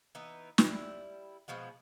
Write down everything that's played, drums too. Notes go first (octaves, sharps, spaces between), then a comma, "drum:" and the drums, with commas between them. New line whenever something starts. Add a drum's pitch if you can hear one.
E3 B3 D#4
G3 E4, drum: snare
B2 F3 G#3 F#4